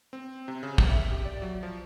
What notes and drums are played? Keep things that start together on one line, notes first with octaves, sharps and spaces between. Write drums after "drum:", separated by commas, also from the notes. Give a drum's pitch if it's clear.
C4
C3
C#3
B1, drum: kick
E5
G4
D5
F#3
F3